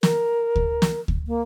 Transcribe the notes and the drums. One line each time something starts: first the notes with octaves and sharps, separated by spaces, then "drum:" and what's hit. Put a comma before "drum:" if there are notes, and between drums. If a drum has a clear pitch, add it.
A#4, drum: snare
drum: kick D2
drum: snare
drum: kick D2
A#3